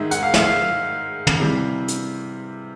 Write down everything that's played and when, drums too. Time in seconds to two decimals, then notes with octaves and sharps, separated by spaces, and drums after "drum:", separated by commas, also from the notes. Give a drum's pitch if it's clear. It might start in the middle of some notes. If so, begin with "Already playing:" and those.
Already playing: G#2 D#3 G#3 E5
0.11 F#5, drum: hi-hat
0.23 F5
0.34 E5, drum: snare
0.46 F5
1.27 drum: tom
1.39 C3 E3 G3
1.88 drum: hi-hat